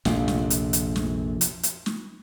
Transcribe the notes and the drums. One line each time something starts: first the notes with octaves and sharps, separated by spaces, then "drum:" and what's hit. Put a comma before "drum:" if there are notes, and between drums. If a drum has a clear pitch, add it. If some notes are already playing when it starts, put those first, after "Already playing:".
A#1 F2 C3, drum: snare
drum: snare
drum: hi-hat
drum: hi-hat
drum: snare
drum: hi-hat
drum: hi-hat
drum: snare